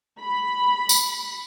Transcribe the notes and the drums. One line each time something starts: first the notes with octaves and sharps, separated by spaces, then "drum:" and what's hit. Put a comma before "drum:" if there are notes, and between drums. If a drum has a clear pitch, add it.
B5
drum: tambourine